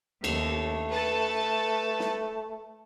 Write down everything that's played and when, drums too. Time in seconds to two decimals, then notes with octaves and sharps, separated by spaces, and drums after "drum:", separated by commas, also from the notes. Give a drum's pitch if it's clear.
0.24 D#2 A3, drum: cymbal
0.91 A4 B4 A5
2.00 drum: snare